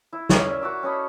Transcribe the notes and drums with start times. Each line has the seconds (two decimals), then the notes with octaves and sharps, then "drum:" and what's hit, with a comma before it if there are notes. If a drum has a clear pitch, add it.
0.12 E4
0.29 C#4, drum: snare
0.46 A#4 D5 E5
0.62 F#4 A#5 D6 E6
0.83 C#4 A4 D#5 B5